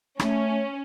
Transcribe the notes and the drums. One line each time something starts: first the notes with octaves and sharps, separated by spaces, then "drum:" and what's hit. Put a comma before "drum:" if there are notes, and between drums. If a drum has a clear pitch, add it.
A3 C#4, drum: rim click